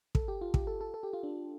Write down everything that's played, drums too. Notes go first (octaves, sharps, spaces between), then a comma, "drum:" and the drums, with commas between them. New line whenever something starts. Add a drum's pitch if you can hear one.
A4, drum: kick
G4
F4
G4, drum: kick
A4
A4
A4
G4
F4
D4